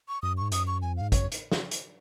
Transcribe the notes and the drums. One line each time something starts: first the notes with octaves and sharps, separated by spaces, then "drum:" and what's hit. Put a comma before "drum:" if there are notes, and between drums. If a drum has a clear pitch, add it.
C#6
F#2 D#6
G#2 C#6
F#2 D#6, drum: hi-hat
C#6
F2 G#5
G#2 F5
F#2 C#5, drum: kick, hi-hat
drum: hi-hat
drum: snare
drum: hi-hat